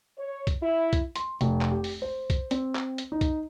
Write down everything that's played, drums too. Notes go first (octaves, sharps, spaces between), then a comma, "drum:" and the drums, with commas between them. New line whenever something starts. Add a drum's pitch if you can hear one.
C#5
drum: kick C2, hi-hat
E4
drum: kick C2, hi-hat
C6, drum: hi-hat
F1, drum: hi-hat
drum: clap
G4
drum: open hi-hat
C5
drum: kick C2, hi-hat
C4, drum: hi-hat
drum: clap
drum: hi-hat
D#4
drum: kick C2, hi-hat